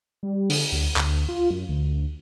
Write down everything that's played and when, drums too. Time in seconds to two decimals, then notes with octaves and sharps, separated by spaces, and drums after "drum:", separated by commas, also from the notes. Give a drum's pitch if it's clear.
0.23 G3
0.50 D3, drum: open hi-hat
0.72 D2
0.96 D2, drum: clap
1.29 F4
1.51 F#2
1.69 D2